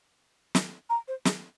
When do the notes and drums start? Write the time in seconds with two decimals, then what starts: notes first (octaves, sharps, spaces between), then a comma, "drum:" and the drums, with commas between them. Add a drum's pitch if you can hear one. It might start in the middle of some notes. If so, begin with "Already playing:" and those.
0.55 drum: snare
0.90 A#5
1.08 C5
1.25 G#4, drum: snare